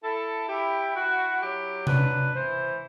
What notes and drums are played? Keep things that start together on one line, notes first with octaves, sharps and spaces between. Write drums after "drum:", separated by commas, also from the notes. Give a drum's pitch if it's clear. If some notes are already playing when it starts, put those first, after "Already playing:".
E4 A4
E4 G4
E4 F#4
F#3 G4
D4 B4, drum: tom C3
E3 C5